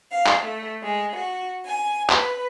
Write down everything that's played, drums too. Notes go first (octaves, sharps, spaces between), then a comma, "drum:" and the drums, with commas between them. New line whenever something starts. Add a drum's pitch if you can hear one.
F5
drum: clap
A3
G#3
F#4
G#5
B4, drum: clap